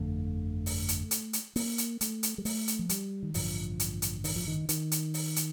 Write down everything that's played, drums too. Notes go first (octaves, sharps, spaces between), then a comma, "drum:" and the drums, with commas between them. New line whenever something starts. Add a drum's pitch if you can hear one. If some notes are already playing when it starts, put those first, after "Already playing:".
Already playing: G1 F2 D3 A3
drum: open hi-hat
drum: hi-hat
drum: hi-hat
drum: hi-hat
A#3, drum: open hi-hat
drum: hi-hat
A3, drum: hi-hat
drum: hi-hat
G3
A3, drum: open hi-hat
drum: hi-hat
F3
G3, drum: hi-hat
D#3
A1 G2 D3 F3, drum: open hi-hat
drum: hi-hat
drum: hi-hat
D#3, drum: open hi-hat
F3
D#3
D#3, drum: hi-hat
drum: hi-hat
drum: open hi-hat
drum: hi-hat